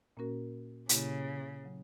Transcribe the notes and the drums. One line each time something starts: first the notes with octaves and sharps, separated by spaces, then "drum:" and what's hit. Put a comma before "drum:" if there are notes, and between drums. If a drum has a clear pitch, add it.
A#2 A#3 C#4 F#4 A#4
A#2 C#3 A#3 E4 G4, drum: hi-hat
C#3 F#3 C#4